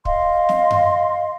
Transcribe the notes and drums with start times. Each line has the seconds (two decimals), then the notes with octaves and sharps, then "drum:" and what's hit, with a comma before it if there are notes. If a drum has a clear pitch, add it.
0.05 D#5 F5 C6, drum: kick
0.49 drum: snare
0.71 drum: tom F#2